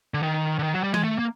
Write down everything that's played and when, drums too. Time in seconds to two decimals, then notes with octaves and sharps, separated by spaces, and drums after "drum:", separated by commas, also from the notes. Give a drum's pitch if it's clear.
0.14 D3
0.23 D#3
0.59 D3
0.63 D#3
0.74 F#3
0.83 G3
0.94 G#3, drum: tom
1.04 A3
1.19 A#3